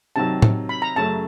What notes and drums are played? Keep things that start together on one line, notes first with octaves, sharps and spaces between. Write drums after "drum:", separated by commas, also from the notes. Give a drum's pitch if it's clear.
C3 D#3 F#3 A5
drum: tom A2
B5
A#5
F#2 C#3 F#3 A3 A5